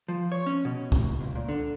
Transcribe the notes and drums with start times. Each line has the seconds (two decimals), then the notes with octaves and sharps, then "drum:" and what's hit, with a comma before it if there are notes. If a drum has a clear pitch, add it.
0.08 F3
0.32 C#5
0.46 C#4
0.65 B2
0.92 A2, drum: kick C#2
1.20 C#2
1.35 A#2
1.49 D3